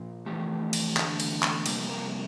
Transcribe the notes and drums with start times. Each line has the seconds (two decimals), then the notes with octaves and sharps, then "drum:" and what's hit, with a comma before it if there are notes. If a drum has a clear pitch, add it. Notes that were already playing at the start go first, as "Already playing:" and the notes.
Already playing: A#2 F3
0.26 F2 E3 A3 G4
0.73 drum: cymbal
0.97 E2 D3 A3, drum: clap
1.20 drum: cymbal
1.43 drum: clap
1.66 F2 C3 G3 A#3 G4, drum: cymbal
1.89 A#4